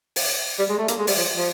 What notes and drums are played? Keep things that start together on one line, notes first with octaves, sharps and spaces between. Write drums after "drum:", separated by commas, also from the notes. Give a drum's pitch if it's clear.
drum: open hi-hat
G3
G#3
A3
A#3, drum: hi-hat
G#3
G3, drum: open hi-hat
F3
F3